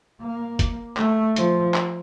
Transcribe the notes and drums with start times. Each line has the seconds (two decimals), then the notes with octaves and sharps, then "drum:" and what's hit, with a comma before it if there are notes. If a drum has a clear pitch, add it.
0.21 A#3
0.59 drum: kick F#1, hi-hat
0.97 A3, drum: clap
1.36 F3, drum: hi-hat
1.74 drum: clap